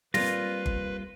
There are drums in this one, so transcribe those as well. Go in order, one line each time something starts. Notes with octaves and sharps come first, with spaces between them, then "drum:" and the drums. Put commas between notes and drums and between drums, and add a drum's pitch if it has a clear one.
G3 A#3 C4 F4 B4 A#6, drum: snare
drum: kick G1